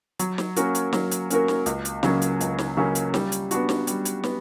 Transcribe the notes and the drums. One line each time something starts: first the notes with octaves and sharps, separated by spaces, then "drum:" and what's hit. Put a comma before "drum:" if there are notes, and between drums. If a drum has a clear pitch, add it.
F#3, drum: hi-hat
drum: snare
A#3 C#4 F#4 A#4, drum: hi-hat
drum: hi-hat
F#3, drum: snare
drum: hi-hat
A#3 C#4 F#4 A#4, drum: hi-hat
drum: snare
C#2, drum: hi-hat
drum: hi-hat
C#3 F#3 A#3 C#4, drum: snare
drum: hi-hat
C#2, drum: hi-hat
drum: snare
C#3 F#3 A#3 C#4
drum: hi-hat
G3, drum: snare
drum: hi-hat
B3 D4 F#4, drum: hi-hat
drum: snare
G3, drum: hi-hat
drum: hi-hat
B3, drum: snare